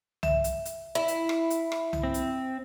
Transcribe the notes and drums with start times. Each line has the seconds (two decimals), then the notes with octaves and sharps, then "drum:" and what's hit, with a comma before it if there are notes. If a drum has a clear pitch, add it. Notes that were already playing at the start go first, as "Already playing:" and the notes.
0.23 E5, drum: tom C2
0.44 drum: hi-hat
0.65 drum: hi-hat
0.95 E4
1.08 drum: hi-hat
1.29 drum: rim click
1.50 drum: hi-hat
1.72 drum: rim click
1.93 drum: tom C2
2.03 C4
2.14 drum: hi-hat